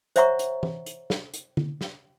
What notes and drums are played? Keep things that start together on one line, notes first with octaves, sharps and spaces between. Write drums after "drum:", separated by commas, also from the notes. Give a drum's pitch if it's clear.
C5 C#5 E5 F#5 A#5 C#6, drum: hi-hat
drum: hi-hat
drum: tom E3
drum: hi-hat
drum: snare
drum: hi-hat
drum: tom D3
drum: snare